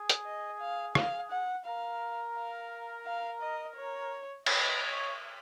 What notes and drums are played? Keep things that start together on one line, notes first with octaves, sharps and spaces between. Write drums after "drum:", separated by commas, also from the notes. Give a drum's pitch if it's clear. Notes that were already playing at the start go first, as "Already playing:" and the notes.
Already playing: G#4
drum: hi-hat
D#5
F5
F5, drum: rim click
F#5
A#4 F5
F5
F5
D#5
C#5
B4 D#5, drum: cymbal
C#5